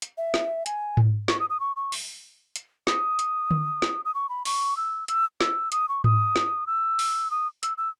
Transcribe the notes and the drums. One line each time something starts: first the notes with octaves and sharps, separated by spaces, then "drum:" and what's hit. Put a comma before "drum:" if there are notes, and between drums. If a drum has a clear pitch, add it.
drum: hi-hat
E5
drum: snare
G#5, drum: hi-hat
drum: tom G#2
C#6, drum: snare
D#6
D#6
C#6
C#6
drum: open hi-hat
drum: hi-hat
D#6, drum: snare
drum: hi-hat
drum: tom D3
drum: snare
D#6
C#6
B5
C#6, drum: open hi-hat
E6
E6, drum: hi-hat
E6, drum: snare
D#6, drum: hi-hat
C#6
D#6, drum: tom G#2
drum: snare
E6
drum: open hi-hat
D#6
E6, drum: hi-hat
E6